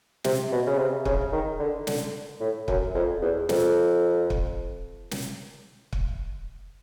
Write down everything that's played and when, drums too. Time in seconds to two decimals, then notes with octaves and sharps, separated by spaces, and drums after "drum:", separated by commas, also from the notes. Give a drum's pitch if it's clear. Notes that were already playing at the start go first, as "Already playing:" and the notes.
0.24 C3, drum: snare
0.52 B2
0.67 C#3
0.78 C3
1.05 C#3, drum: kick
1.32 D#3
1.59 D3
1.87 D3, drum: snare
2.41 A2
2.68 F#2, drum: kick
2.94 F2
3.22 E2
3.49 F2, drum: snare
4.30 drum: kick
5.11 drum: snare
5.93 drum: kick